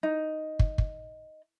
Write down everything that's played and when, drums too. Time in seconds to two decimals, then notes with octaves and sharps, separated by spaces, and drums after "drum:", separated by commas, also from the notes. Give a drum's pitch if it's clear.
0.03 D#4
0.59 drum: kick
0.78 drum: kick